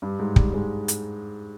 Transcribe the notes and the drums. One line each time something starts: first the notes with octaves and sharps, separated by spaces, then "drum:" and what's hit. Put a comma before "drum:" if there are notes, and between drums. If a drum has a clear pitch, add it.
G2 G3
G#2 G#3
G2 G3, drum: kick
G#2 G#3
drum: hi-hat